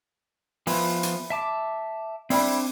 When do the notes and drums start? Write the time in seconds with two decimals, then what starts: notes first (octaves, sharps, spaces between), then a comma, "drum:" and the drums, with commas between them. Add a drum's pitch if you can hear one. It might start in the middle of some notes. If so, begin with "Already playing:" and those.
0.67 E3 F3 B3 F4, drum: open hi-hat
1.03 drum: hi-hat
1.30 E5 A5 D6
2.30 G3 C4 D4 E4, drum: open hi-hat